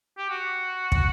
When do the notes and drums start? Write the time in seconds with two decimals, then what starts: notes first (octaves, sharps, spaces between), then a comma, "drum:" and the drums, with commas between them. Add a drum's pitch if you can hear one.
0.18 G4
0.30 F#4
0.92 drum: kick